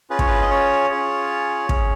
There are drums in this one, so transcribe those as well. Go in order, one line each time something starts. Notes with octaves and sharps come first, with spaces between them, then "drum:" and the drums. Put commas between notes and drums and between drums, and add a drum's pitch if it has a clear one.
C#4 F4 G#4 B4
C#5, drum: kick
B4
D#5
C#5
C#4 F4 G#4
C#4 G#4, drum: kick